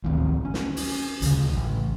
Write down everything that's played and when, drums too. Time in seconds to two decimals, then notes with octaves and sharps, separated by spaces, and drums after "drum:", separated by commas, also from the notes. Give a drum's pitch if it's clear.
0.04 A1 D2 D#3 C4
0.45 C#4
0.54 drum: snare
0.77 drum: open hi-hat
1.22 D2 C#3, drum: hi-hat
1.53 A1